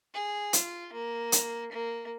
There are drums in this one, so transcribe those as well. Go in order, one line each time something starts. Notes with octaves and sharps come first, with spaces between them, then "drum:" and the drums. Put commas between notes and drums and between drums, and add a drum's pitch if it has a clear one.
G#4
F4, drum: hi-hat
A#3
drum: hi-hat
A#3